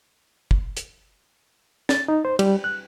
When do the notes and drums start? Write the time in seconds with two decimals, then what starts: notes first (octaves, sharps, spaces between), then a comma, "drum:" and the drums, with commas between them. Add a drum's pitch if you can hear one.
0.51 drum: kick
0.77 drum: hi-hat
1.89 A6, drum: snare
2.08 D#4
2.25 C5
2.39 G3, drum: cymbal
2.64 F#6